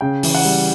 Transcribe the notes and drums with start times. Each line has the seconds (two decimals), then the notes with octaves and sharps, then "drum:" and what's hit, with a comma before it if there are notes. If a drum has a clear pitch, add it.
0.01 C#3 G5
0.23 E3, drum: open hi-hat
0.35 F#5
0.45 G3